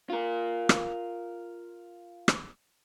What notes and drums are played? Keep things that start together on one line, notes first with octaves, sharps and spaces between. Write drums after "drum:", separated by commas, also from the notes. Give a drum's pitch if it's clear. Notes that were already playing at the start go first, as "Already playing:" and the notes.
F4 A#4
drum: rim click
drum: rim click